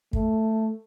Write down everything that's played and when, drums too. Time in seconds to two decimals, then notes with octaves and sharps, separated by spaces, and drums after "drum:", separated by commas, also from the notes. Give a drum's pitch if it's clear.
0.13 A3, drum: kick